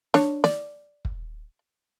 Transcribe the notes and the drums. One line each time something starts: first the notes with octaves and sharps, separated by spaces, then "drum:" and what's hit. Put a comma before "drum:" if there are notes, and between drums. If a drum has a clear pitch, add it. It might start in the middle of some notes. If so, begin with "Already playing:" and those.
D4 C#5, drum: snare
D5, drum: snare
drum: kick